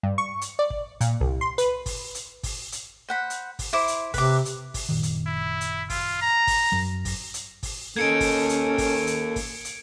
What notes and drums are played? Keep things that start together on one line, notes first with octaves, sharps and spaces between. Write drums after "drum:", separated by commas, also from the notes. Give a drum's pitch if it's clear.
G2
C#6
drum: hi-hat
D5
drum: kick
A#2, drum: hi-hat
C2
C6
B4, drum: hi-hat
drum: kick, open hi-hat
drum: hi-hat
drum: kick, open hi-hat
drum: hi-hat
C5 F#5 B5
drum: hi-hat
drum: kick, open hi-hat
E4 C5 D6
drum: hi-hat
C3 B4 D6, drum: kick, open hi-hat
drum: hi-hat
drum: kick, open hi-hat
F#1 A#2 D#3
drum: hi-hat
E4
drum: hi-hat
F4, drum: kick, open hi-hat
A#5
drum: kick, open hi-hat
F#2 F#3
drum: kick, open hi-hat
drum: hi-hat
drum: kick, open hi-hat
A#3 C#4 D#4 A4 G#6 C#7 D7
drum: kick, open hi-hat
drum: hi-hat
drum: kick, open hi-hat
drum: hi-hat
drum: kick, open hi-hat
drum: hi-hat